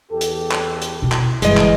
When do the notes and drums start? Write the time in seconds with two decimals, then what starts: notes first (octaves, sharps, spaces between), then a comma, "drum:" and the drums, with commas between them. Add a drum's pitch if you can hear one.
0.11 E2 G4 A4
0.21 drum: hi-hat
0.51 drum: clap
0.82 drum: hi-hat
1.02 B2 E4
1.12 drum: clap
1.42 G1 E3 G#3 D#5, drum: hi-hat
1.57 drum: clap